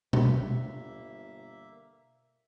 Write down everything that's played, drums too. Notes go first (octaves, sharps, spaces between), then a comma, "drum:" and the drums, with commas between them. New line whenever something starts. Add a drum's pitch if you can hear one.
G1 B2 A#3 E5, drum: tom B2